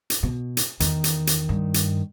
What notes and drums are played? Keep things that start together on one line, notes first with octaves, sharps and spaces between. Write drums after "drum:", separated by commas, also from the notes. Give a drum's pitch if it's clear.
drum: hi-hat
B2
drum: hi-hat
E2 D#3, drum: hi-hat
drum: hi-hat
drum: hi-hat
G2
drum: hi-hat